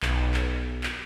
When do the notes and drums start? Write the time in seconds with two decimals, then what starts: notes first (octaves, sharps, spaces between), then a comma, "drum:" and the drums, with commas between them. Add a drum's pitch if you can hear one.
0.03 B1, drum: clap
0.34 drum: clap
0.83 drum: clap